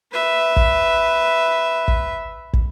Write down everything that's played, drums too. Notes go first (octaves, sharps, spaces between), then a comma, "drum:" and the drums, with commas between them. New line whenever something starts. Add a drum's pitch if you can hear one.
B4 E5
drum: kick
drum: kick
drum: kick